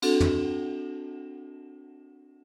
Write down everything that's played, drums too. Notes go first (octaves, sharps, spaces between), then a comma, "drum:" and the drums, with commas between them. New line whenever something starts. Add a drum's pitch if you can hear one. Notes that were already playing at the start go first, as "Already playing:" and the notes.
C4 D4 F#4 A4, drum: cymbal
drum: tom